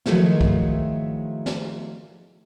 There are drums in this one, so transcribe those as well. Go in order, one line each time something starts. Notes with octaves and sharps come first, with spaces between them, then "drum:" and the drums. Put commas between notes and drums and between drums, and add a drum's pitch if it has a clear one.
D#3 F3 F#3 G#3 A3 E4, drum: snare
drum: kick B1
drum: snare